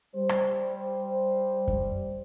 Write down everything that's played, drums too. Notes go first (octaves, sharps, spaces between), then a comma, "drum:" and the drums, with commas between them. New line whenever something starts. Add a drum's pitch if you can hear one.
G3 C5
drum: rim click
drum: kick F#2